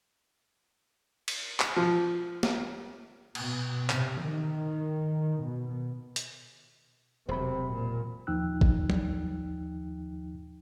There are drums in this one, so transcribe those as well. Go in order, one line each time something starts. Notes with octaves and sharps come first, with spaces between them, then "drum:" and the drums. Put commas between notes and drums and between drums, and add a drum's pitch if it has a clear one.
drum: cymbal
drum: clap
F3
drum: snare
B2, drum: cymbal
C3, drum: clap
D#3
B2
drum: hi-hat
E1 C3 F#3 C5 B5
A#2
D#2 F3 D#4 G5 E6 F#6
drum: kick
drum: tom F#3